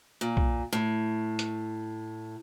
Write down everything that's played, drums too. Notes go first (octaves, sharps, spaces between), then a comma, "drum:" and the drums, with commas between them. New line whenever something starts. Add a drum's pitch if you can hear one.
A#2
drum: kick
A2
drum: hi-hat